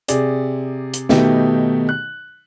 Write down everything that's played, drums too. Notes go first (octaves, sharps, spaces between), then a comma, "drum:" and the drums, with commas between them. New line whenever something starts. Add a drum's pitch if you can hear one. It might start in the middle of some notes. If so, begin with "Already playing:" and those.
C3 G#4 D5, drum: hi-hat
drum: hi-hat
B2 D#3 A3 B3 D#4 G4, drum: snare
F#6